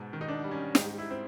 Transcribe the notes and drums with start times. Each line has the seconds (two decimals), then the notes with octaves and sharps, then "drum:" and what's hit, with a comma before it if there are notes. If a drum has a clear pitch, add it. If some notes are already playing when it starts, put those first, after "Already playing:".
Already playing: G#2 B2
0.13 D#3
0.21 D#4
0.28 D4
0.44 G3
0.51 C#4
0.75 G#2 D#4, drum: snare
0.98 E4
1.11 C4